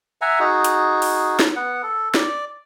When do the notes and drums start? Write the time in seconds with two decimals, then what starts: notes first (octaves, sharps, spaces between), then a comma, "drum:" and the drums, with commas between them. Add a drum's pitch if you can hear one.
0.21 E5 F#5 G#5 A#5
0.40 D#4 F#4 G#4
0.64 drum: hi-hat
1.02 drum: open hi-hat
1.39 drum: snare
1.56 B3 F#5
1.83 A4
2.14 D5, drum: snare